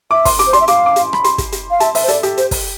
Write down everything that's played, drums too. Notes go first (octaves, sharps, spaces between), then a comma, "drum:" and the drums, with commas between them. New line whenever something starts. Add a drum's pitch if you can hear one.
E5 D6
C6, drum: kick, open hi-hat
D6, drum: hi-hat
C5
D5 C6, drum: hi-hat
E5
F5 D6, drum: hi-hat
D6
drum: hi-hat
B5, drum: rim click
C6, drum: hi-hat
drum: kick, hi-hat
drum: hi-hat
F5
E5 A5, drum: hi-hat
E5, drum: open hi-hat
C5
A4 D5, drum: hi-hat
G4, drum: hi-hat
C5, drum: hi-hat
drum: kick, open hi-hat